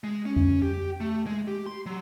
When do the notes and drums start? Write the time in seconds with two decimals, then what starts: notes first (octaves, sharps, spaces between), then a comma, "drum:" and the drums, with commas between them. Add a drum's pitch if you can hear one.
0.04 G#3
0.25 C#4
0.36 drum: tom F2
0.62 G4
1.01 A3
1.26 G#3
1.48 G4
1.66 C6
1.86 F#3